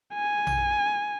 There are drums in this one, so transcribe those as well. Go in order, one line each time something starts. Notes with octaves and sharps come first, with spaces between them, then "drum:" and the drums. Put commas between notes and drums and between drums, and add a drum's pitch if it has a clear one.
G#5
drum: tom A#1